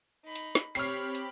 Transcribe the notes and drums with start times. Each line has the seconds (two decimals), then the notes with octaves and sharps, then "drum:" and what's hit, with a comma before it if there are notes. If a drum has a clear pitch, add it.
0.25 D#4 B5
0.36 drum: hi-hat
0.55 drum: snare
0.75 C4 G4 C#5 B5 F6 C7, drum: open hi-hat
1.15 drum: hi-hat